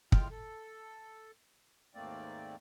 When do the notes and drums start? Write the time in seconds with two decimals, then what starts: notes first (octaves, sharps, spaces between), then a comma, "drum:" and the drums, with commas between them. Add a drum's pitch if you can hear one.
0.12 A2 G#3 F4 G5 F6, drum: kick
0.30 A4
1.95 D#2 G#2 A3 A#3 C4 D5